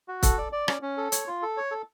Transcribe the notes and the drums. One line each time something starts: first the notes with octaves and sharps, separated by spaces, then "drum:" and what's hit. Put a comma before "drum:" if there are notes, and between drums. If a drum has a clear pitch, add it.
F#4
A4, drum: kick, hi-hat
D5
D5
C#4, drum: rim click
C#4
A4
C#5, drum: hi-hat
F4
A4
C#5
A4